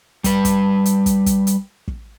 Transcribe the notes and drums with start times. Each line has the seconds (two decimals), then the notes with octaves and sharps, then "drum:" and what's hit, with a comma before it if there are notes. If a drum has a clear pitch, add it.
0.24 G3 B4, drum: kick, hi-hat
0.45 drum: kick, hi-hat
0.86 drum: hi-hat
1.06 drum: kick, hi-hat
1.26 drum: kick, hi-hat
1.47 drum: hi-hat
1.88 drum: kick